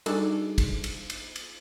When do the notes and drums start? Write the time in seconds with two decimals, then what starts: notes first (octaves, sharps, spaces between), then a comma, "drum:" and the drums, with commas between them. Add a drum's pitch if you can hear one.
0.06 G3 D4 D#4 F#4 G#4 A4, drum: cymbal
0.58 drum: kick, cymbal
0.84 drum: cymbal
1.10 drum: cymbal
1.36 drum: cymbal